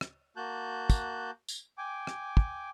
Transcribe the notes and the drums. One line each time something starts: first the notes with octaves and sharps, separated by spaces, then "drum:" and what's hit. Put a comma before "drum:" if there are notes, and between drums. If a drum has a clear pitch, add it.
drum: rim click
A#3 F#4 A5 F#6 G6
drum: kick, tambourine
drum: tambourine
G5 G#5 D6
drum: rim click
drum: kick